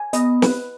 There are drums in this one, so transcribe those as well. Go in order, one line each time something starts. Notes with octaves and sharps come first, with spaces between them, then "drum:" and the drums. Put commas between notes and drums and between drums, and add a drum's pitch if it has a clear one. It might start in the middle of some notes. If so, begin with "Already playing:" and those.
Already playing: G#5
B3 D#5, drum: hi-hat
B4, drum: snare